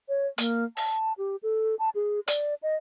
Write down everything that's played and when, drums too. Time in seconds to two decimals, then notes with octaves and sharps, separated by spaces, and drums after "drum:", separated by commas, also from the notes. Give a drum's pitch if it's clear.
0.09 C#5
0.38 A#3, drum: hi-hat
0.77 A5, drum: open hi-hat
1.18 G4
1.43 A4
1.79 A5
1.95 G#4
2.28 D5, drum: hi-hat
2.63 D#5